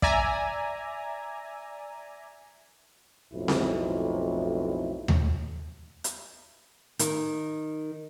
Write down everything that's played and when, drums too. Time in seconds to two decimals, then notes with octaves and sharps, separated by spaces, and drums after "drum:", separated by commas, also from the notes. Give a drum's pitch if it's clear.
0.02 D5 E5 G#5 A#5, drum: kick
3.33 B1 F2 A2 E4
3.48 drum: snare C4
5.08 drum: tom D#2
6.04 drum: hi-hat
6.99 D#3, drum: hi-hat